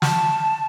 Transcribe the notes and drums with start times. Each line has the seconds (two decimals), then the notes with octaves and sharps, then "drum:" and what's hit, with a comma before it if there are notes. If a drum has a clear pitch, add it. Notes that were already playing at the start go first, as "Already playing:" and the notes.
0.02 A5, drum: snare